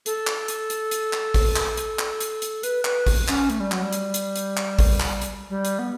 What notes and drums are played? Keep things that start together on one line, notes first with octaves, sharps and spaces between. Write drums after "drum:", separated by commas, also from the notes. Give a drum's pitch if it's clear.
A4, drum: hi-hat
drum: clap
drum: hi-hat
drum: hi-hat
drum: hi-hat
drum: clap
drum: kick A1, open hi-hat
drum: clap
drum: hi-hat
drum: clap
drum: hi-hat
drum: hi-hat
B4, drum: hi-hat
B4, drum: clap
drum: kick A1, open hi-hat
C#4, drum: clap
A3, drum: hi-hat
G3
F#3, drum: clap
G3
drum: hi-hat
drum: hi-hat
drum: hi-hat
drum: clap
drum: kick A1, open hi-hat
drum: clap
drum: hi-hat
G3
drum: hi-hat
B3